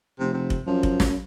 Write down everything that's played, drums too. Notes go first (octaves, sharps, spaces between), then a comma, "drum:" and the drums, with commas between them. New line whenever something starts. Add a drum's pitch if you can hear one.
F1 C3
C3
drum: kick F1
F#2 F3
drum: kick F1
drum: snare